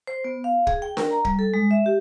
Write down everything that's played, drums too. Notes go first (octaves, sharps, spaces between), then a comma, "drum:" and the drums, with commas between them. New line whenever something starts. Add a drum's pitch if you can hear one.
C5
B3
F5
G#4, drum: kick
G5
A#4, drum: snare D4
A#5
G3, drum: kick
A4
G#3
E5
G4